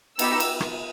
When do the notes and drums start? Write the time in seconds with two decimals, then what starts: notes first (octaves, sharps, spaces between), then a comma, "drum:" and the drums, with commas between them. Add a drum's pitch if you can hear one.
0.19 B3 D#4 G4 E6, drum: cymbal
0.40 drum: cymbal
0.60 drum: rim click